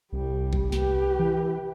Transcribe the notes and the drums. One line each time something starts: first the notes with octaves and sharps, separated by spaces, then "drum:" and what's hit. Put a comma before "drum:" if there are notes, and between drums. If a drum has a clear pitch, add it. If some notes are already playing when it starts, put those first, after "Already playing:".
C2 G3
drum: kick G#1
G4 B4, drum: snare
E3